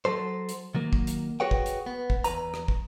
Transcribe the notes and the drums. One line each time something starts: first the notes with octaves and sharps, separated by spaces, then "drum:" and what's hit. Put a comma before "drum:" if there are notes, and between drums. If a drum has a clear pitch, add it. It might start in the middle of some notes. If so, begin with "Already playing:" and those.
F#3 A4 C5
drum: hi-hat
D#3 F#3 A#3
drum: kick
drum: hi-hat
F#4 G#4 B4 C#5 F#5 G5
drum: kick
drum: hi-hat
B3
drum: kick
E2 B4 A#5, drum: hi-hat
drum: rim click
drum: kick